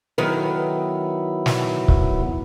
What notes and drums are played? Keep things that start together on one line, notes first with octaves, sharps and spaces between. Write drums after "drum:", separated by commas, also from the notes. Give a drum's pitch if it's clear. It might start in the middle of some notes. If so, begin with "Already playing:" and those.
D#3 F#3 B3 E4 B4 C#5
drum: snare
drum: kick C#1